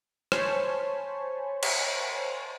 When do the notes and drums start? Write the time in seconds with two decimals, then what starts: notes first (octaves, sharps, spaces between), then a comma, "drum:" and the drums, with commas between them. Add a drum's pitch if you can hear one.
0.32 C5 C#5 G#5 A5 B5 C#6, drum: rim click
1.63 drum: cymbal